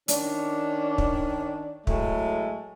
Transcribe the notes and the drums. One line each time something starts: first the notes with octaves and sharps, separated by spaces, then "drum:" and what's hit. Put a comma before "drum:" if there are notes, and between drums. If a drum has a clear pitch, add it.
D#3 C#4 D4, drum: hi-hat
drum: kick
A2 F#3 G#3 A3, drum: kick